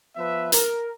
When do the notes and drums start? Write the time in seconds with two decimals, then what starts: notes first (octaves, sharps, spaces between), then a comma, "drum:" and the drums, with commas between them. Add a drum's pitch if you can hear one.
0.16 F3 B3 B4 E5
0.52 A#4, drum: hi-hat